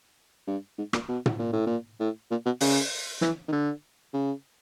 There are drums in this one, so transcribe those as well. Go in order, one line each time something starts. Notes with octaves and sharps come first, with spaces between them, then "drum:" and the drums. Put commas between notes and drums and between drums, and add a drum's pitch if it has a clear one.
G2
G#2
A#2, drum: rim click
B2
drum: tom
A#2
A2
A#2
A2
A#2
B2
C#3, drum: open hi-hat
E3, drum: snare
D#3
D3
C#3